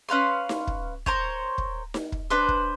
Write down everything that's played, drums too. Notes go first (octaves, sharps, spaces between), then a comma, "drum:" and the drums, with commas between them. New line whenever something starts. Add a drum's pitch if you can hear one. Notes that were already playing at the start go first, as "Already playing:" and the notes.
C#4 B4 F5 C6
drum: snare D#4
drum: kick
A#4 C5 C#5, drum: kick
drum: kick
drum: snare D#4
drum: kick
D4 B4 C5
drum: kick